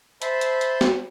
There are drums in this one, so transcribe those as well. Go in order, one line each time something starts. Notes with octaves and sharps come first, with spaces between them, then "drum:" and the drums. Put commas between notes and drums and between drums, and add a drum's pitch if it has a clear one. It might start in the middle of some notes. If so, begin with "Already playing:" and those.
C5 E5 A5 B5 C6, drum: hi-hat
drum: hi-hat
drum: hi-hat
drum: snare